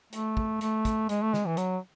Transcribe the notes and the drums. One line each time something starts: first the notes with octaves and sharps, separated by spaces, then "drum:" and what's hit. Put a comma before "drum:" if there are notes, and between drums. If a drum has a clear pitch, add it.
A3, drum: hi-hat
drum: kick
A3, drum: hi-hat
drum: kick, hi-hat
G#3, drum: hi-hat
A3
G#3, drum: snare
E3
F#3, drum: hi-hat